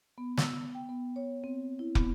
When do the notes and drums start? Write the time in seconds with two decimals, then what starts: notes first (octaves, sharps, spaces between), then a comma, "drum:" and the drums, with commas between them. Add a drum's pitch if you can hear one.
0.18 B3
0.37 E6, drum: snare
0.75 G5
0.89 B3
1.16 C#5
1.44 C4
1.79 E4
1.95 B3, drum: kick